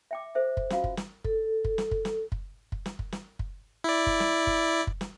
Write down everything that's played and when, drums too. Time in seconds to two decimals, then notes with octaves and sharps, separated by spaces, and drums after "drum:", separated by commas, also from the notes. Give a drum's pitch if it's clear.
0.11 E5 G5 D6
0.35 A4 C5 E5
0.57 drum: kick
0.70 C#4 F4 F#4 F5, drum: snare
0.84 drum: kick
0.97 drum: snare
1.24 A4, drum: kick
1.65 drum: kick
1.78 drum: snare
1.91 drum: kick
2.05 drum: snare
2.32 drum: kick
2.72 drum: kick
2.86 drum: snare
2.99 drum: kick
3.12 drum: snare
3.39 drum: kick
3.84 E4 D5
4.07 drum: kick
4.20 drum: snare
4.47 drum: kick
4.87 drum: kick
5.01 drum: snare